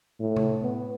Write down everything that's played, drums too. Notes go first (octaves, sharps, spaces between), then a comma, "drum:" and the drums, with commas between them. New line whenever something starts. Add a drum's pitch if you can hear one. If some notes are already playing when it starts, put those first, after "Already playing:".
A2
drum: tom C3
B3